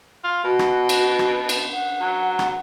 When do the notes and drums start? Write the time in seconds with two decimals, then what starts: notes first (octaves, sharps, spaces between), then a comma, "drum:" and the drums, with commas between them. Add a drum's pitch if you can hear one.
0.24 F4
0.44 B2 F#4
0.59 drum: rim click
0.89 drum: cymbal
1.19 drum: rim click
1.49 drum: cymbal
1.73 F#5
2.01 F#3
2.39 drum: rim click